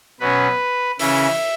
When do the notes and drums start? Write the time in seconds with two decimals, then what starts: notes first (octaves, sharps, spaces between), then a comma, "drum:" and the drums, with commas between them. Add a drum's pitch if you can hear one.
0.20 B2 F#3 C#4 B4
0.99 C#3 E3 C#4 E5, drum: open hi-hat